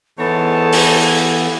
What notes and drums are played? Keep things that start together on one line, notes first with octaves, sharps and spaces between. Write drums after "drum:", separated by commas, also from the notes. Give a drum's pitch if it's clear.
G#2 E3 B3 A4 C#5 A5
drum: open hi-hat